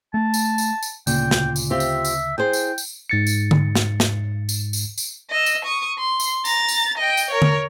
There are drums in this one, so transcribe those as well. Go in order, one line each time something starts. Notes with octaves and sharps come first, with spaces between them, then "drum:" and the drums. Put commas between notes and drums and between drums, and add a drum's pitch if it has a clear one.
A3 A5
drum: tambourine
drum: tambourine
drum: tambourine
D2 A#2 C#3 G5, drum: tambourine
drum: snare
drum: tambourine
C4 F4 G4 E5
drum: tambourine
drum: tambourine
E4 G#4 C5 G5
drum: tambourine
drum: tambourine
G#2 A6 C#7
drum: tambourine
drum: tom D3
drum: snare
drum: snare
drum: tambourine
drum: tambourine
drum: tambourine
D#5 E6
drum: tambourine
C#6 D#6
C6
drum: tambourine
A#5 A6, drum: tambourine
drum: tambourine
D#5 G5
drum: tambourine
A#4 C#5
drum: tom D3